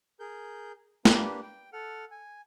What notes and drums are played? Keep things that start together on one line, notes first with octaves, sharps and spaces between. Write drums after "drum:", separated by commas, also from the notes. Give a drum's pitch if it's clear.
G#4 A#4 G6
A#3 D4 G4 B4, drum: snare
G5
A4 F#5 F6
G#5